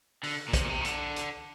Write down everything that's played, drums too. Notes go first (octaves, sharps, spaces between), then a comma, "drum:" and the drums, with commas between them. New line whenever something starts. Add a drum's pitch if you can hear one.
D3, drum: open hi-hat
A#2
C3, drum: kick, hi-hat
A#2
C3
D#3
D3, drum: hi-hat
drum: hi-hat